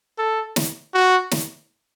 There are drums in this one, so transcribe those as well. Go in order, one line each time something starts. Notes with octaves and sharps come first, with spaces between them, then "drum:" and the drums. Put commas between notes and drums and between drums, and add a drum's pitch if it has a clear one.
A4
drum: snare
F#4
drum: snare